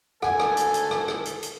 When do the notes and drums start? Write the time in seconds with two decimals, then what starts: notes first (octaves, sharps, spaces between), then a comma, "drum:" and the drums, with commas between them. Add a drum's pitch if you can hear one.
0.22 G#1 D2 A4 F#5 G#5, drum: rim click
0.40 drum: rim click
0.57 drum: hi-hat
0.74 drum: hi-hat
0.91 drum: rim click
1.08 drum: rim click
1.25 drum: hi-hat
1.43 drum: hi-hat